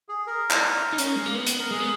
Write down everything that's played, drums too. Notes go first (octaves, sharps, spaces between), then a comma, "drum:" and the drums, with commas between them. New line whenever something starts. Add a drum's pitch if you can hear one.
G#4
A#4
drum: clap
D#4
C#4, drum: hi-hat
G#3
A#3
B3
drum: hi-hat
A#4
G#3 G#4
B3